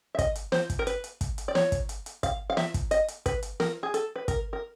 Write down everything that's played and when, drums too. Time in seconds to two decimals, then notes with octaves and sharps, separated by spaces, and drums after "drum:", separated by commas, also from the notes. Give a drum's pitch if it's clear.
0.15 E5
0.19 D#5, drum: kick, hi-hat
0.35 drum: hi-hat
0.52 C5, drum: snare
0.70 drum: kick, hi-hat
0.79 A#4
0.87 B4, drum: hi-hat
1.04 drum: hi-hat
1.21 drum: kick, hi-hat
1.38 drum: hi-hat
1.48 D5
1.55 C#5, drum: snare
1.72 drum: kick, hi-hat
1.89 drum: hi-hat
2.06 drum: hi-hat
2.23 F5, drum: kick, hi-hat
2.50 F5
2.57 E5, drum: snare
2.74 drum: kick, hi-hat
2.91 D#5, drum: hi-hat
3.08 drum: hi-hat
3.26 B4, drum: kick, hi-hat
3.43 drum: hi-hat
3.60 A#4, drum: snare
3.83 G#4
3.94 A4, drum: hi-hat
4.16 B4
4.28 A#4, drum: kick, hi-hat
4.53 A#4